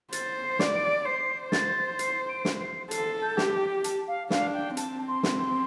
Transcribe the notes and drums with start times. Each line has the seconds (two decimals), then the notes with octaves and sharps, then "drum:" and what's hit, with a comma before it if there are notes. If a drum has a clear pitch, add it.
0.12 C5 A6, drum: hi-hat
0.44 C7
0.59 D5, drum: snare
0.74 D7
1.05 C5 C7
1.52 A6, drum: snare
1.99 C7, drum: hi-hat
2.29 D7
2.45 drum: snare
2.61 C7
2.91 A4 C7, drum: hi-hat
3.22 G6
3.38 G4, drum: snare
3.53 G5
3.84 A5, drum: hi-hat
4.07 F5
4.30 D4 F5, drum: snare
4.54 G5
4.77 C4 A5, drum: hi-hat
5.08 C6
5.23 drum: snare
5.39 C6